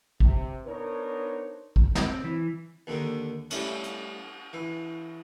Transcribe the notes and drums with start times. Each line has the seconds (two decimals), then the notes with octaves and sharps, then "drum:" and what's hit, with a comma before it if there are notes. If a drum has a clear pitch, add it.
0.20 C3, drum: kick
0.66 B3 D4 D#4 A#4 C5 C#5
1.76 drum: kick
1.95 C4, drum: snare
2.24 E3
2.87 D#2 D3 D#3
3.51 G3 A3 C#4, drum: cymbal
3.84 drum: hi-hat
4.53 E3